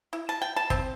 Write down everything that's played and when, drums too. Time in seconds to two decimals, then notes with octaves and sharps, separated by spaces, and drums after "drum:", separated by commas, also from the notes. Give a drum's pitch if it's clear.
0.13 E4
0.29 A5
0.42 G5
0.56 A5
0.70 C4, drum: kick